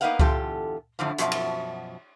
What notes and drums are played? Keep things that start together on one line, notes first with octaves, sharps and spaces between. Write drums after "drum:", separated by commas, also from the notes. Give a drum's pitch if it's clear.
A#3 B3 D#4 B4 F5 F#5
E2 D3 F4 G4 A4, drum: kick C#2
F#2 A2 D3 F3
F#2 B2 F3 F#4 E5 A5, drum: hi-hat
drum: cymbal